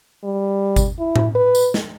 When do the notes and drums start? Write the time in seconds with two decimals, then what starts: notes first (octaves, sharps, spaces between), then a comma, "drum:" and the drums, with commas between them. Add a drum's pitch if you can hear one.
0.24 G3
0.76 drum: kick G1, tambourine
0.99 E4
1.16 drum: tom A2
1.35 B4
1.55 drum: tambourine
1.74 drum: snare